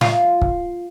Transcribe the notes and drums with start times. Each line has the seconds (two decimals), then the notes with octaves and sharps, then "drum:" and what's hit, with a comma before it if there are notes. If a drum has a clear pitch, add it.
0.01 F4, drum: snare
0.42 drum: kick